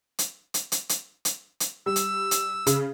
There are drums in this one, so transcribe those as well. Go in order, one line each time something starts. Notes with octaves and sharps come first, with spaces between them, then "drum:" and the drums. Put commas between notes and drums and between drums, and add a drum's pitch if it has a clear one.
drum: hi-hat
drum: hi-hat
drum: hi-hat
drum: hi-hat
drum: hi-hat
drum: hi-hat
G3 E6
drum: hi-hat
drum: hi-hat
C#3, drum: hi-hat